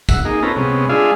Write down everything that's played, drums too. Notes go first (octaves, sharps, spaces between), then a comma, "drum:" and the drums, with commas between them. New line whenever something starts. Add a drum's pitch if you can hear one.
E5 F#5, drum: kick, tambourine
A#3 D#4 G#4
C4 C#4 F4 A4 B4 A#5
C3 G#3 B3 C#4
G#3 D4 F4 G#4 E5 F5